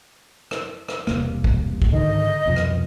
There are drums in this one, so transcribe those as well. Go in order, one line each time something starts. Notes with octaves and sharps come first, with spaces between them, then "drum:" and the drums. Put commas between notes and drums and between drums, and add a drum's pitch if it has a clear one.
drum: rim click
drum: rim click
E1 C2 A#3, drum: rim click
drum: kick
drum: kick
G#2 D3 D#3 D#5
C2 F2 B2
drum: rim click